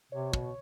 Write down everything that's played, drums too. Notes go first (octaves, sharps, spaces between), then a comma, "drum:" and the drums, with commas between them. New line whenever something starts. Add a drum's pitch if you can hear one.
C3 C#5
B2, drum: kick